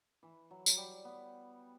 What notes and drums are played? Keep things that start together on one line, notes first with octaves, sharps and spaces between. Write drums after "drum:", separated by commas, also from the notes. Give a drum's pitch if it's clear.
E3
F#3
F#3, drum: tambourine
G3
B3